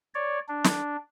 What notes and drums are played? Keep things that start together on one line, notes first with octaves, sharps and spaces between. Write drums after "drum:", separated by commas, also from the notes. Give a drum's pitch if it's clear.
C#5 D5
D4
drum: snare